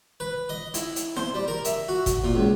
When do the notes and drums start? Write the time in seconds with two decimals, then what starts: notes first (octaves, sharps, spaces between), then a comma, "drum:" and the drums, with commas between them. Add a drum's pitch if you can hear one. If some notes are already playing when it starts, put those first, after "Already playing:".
0.20 B4
0.49 D#5
0.74 E4, drum: hi-hat
0.96 drum: hi-hat
1.17 C5, drum: snare E4
1.34 G3
1.48 A#4
1.65 E5, drum: hi-hat
1.88 F#4
2.06 drum: kick G1, hi-hat
2.24 A#2
2.35 C#2